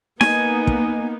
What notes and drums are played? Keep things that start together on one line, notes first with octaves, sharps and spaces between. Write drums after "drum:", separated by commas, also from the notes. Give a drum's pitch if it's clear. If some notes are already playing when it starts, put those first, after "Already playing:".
A#3 B3 D#4 G#5, drum: snare D#4
drum: kick